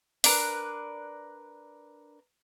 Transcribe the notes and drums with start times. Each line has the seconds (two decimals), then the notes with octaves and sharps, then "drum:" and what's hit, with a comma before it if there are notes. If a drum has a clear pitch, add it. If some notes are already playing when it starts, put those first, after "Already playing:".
0.24 D4 A#4 B4, drum: open hi-hat